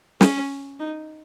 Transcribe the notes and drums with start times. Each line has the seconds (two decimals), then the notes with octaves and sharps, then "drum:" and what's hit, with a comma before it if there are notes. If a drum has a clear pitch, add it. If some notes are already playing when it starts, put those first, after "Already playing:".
0.21 C#4, drum: snare
0.79 D#4